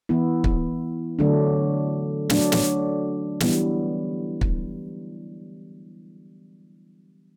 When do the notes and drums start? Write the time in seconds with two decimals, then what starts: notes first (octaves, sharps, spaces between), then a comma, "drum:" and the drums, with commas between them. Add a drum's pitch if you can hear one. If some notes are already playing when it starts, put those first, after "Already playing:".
0.09 E3 B3 E4
0.44 drum: kick
1.19 D3 F#3 A3 D4
2.30 F#3 A3 D4, drum: snare
2.52 drum: snare
3.40 E3 G3 B3 E4, drum: snare
4.41 drum: kick